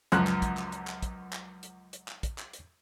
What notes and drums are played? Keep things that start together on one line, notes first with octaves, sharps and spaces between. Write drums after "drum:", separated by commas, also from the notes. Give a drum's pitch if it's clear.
C#2 F#2 F3 F#6, drum: hi-hat
drum: clap
drum: kick, hi-hat
drum: clap
drum: hi-hat
drum: clap
drum: kick, hi-hat
drum: clap
drum: hi-hat
drum: hi-hat
drum: clap
drum: kick, hi-hat
drum: clap
drum: hi-hat